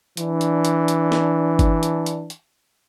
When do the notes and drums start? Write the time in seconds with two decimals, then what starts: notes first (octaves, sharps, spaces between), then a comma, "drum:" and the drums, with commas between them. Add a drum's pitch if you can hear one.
0.17 E3 D4, drum: hi-hat
0.41 drum: hi-hat
0.65 drum: hi-hat
0.88 drum: hi-hat
1.12 drum: snare
1.59 drum: kick G1, hi-hat
1.83 drum: hi-hat
2.06 drum: hi-hat
2.30 drum: hi-hat